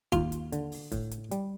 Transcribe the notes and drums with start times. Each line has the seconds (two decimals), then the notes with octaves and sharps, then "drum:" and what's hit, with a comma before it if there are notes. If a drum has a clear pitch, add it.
0.12 D#2 F4, drum: kick, hi-hat
0.32 drum: hi-hat
0.52 D3, drum: hi-hat
0.72 drum: open hi-hat
0.92 A2, drum: kick, hi-hat
1.11 drum: hi-hat
1.31 G3, drum: hi-hat